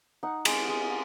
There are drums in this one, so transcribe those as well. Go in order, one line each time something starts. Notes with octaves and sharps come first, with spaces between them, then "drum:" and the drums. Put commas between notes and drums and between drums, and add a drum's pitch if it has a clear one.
D#4 F#5
G#3, drum: cymbal
G#3